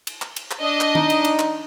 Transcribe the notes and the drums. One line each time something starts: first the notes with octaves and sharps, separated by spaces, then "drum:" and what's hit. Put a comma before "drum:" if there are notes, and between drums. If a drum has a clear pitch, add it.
drum: cymbal
drum: clap
drum: cymbal
drum: clap
D4 D#5
drum: clap
D#4, drum: tom
drum: cymbal
drum: cymbal
drum: clap